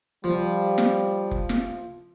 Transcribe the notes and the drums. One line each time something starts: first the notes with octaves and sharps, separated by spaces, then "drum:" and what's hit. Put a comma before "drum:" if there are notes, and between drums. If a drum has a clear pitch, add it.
F3 G3
drum: snare
drum: kick F1
drum: snare